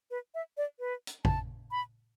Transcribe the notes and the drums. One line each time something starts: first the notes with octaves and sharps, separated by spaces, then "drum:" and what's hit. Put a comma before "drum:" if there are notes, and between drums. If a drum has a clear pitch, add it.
B4
E5
D5
B4
drum: hi-hat
A5, drum: kick
B5